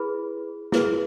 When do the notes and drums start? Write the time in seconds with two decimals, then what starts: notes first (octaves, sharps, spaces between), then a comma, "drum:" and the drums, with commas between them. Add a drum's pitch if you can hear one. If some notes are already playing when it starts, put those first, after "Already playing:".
Already playing: E4 G#4 B4 B5
0.72 E4 G#4 B4, drum: snare